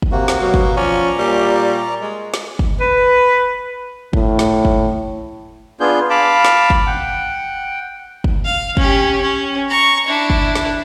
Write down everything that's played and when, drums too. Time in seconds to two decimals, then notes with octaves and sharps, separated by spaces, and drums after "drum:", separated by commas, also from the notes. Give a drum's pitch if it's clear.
0.02 drum: kick
0.12 C3 A#3 F#4
0.28 drum: snare
0.41 B2 F#3
0.54 drum: kick
0.77 F3 C#4 D5 A#5 C#6
1.18 A#2 G3
2.01 G#3
2.34 drum: snare
2.59 drum: kick
2.80 B4
4.13 A2, drum: kick
4.39 drum: snare
4.65 drum: kick
5.80 B3 D4 F4 G#4 G6
6.10 F5 A5 B5 D6
6.45 drum: snare
6.70 drum: kick
6.87 F#5 G5
8.24 drum: kick
8.45 F5
8.77 C#4 G4, drum: kick
9.21 C#4
9.69 A#5 C#6
10.07 D4 E4
10.30 drum: kick
10.55 drum: snare